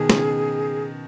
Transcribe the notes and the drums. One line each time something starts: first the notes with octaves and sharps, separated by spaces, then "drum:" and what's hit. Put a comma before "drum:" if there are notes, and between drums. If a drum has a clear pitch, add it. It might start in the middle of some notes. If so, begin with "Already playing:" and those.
Already playing: B2 D#3 G#4
C#3, drum: snare